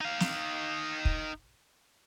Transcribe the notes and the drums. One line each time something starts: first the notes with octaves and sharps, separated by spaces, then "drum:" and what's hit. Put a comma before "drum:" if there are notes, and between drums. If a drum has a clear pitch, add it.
D#4 F5
drum: snare
drum: kick